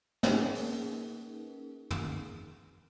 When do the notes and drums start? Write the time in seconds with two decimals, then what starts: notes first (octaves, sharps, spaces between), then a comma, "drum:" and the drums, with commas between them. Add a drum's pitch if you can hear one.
0.23 A#3 C#4 D#4 G#4 A#4 B4, drum: snare
0.55 drum: open hi-hat
1.91 drum: tom